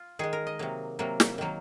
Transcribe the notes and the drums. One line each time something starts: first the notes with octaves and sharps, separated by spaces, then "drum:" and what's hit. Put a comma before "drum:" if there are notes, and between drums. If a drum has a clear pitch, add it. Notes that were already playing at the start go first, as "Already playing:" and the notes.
Already playing: F4
D#3 G#3 G#4
A#4
D#5
C3 F#3 A#3
C3 F#3 A#3
drum: snare
D#3 F#3 A#3